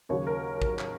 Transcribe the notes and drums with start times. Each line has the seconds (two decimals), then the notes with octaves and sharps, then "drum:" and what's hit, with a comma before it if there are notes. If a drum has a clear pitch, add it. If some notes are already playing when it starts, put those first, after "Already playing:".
0.09 D#2 C#3 F#3 C#5
0.27 A#4
0.62 drum: kick
0.79 drum: clap